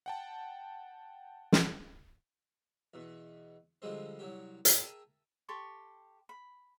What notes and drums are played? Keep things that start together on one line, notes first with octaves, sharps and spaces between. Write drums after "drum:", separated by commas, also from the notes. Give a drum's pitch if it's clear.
F#5 G5 A5
drum: snare
E2 B2
D3 F3 G3 G#3 C4
C2 F#3 G4
G#4 A#4 E5 G5 A5 D#6, drum: hi-hat
G4 A4 C6 C#6
B5